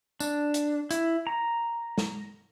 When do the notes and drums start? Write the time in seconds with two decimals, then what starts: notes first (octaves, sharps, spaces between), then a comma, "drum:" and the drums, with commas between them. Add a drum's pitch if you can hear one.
0.20 D4, drum: tambourine
0.54 drum: hi-hat
0.91 E4, drum: hi-hat
1.27 A#5
1.98 drum: snare